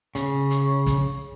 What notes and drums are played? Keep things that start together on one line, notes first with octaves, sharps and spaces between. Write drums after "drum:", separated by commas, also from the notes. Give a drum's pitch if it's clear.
C#3, drum: hi-hat
drum: hi-hat
drum: kick, hi-hat